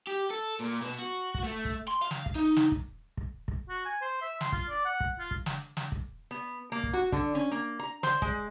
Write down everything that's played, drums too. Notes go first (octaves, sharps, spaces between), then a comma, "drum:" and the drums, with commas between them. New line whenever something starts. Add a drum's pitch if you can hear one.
G4
A4
A#2
B2
F#4
drum: kick
A3
drum: kick
C6
F5
drum: snare
drum: kick
D#4
drum: snare
drum: kick
drum: kick
drum: kick
F#4
G#5
C5
E5
C6, drum: snare
F4, drum: kick
D5
F#5
drum: kick
F4
drum: kick
drum: snare
drum: snare
drum: kick
B3
A#3
drum: kick
F#4
D3, drum: kick
C#4
A#3
A#5
C5, drum: snare
G#3, drum: kick